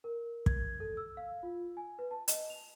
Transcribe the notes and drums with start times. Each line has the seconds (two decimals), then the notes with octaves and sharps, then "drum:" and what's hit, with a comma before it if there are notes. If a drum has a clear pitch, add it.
0.04 A#4
0.46 G#6, drum: kick
0.80 A4
0.97 E6
1.17 F5
1.43 F4
1.77 G#5
1.99 B4
2.11 A5
2.28 D#5, drum: hi-hat
2.50 F7